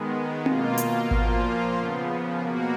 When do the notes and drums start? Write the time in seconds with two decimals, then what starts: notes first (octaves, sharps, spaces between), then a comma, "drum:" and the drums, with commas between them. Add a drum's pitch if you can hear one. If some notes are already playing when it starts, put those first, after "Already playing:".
Already playing: D#3 G#3 B3
0.46 B2 A#3 F4, drum: tom C4
0.77 drum: hi-hat
1.11 A#2 F3 A#3 F4, drum: kick G#1
1.76 C#3 F3 B3
2.41 B2 A#3 F#4